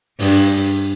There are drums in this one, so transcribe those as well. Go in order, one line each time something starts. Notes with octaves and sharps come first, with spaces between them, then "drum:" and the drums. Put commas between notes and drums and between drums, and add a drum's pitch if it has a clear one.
G2, drum: open hi-hat